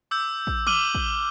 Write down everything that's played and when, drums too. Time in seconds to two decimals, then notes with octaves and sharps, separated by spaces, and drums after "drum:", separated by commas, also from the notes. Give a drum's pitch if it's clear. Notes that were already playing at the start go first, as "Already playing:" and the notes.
0.11 D6 E6 G6
0.47 drum: kick
0.67 D6 F6 D#7 F#7 G7, drum: tom
0.95 drum: kick